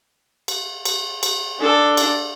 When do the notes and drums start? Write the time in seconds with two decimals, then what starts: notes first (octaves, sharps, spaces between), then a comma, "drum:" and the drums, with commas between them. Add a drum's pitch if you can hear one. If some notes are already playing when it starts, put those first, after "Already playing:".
0.48 drum: cymbal
0.85 drum: cymbal
1.23 drum: cymbal
1.60 D4 A4
1.97 drum: cymbal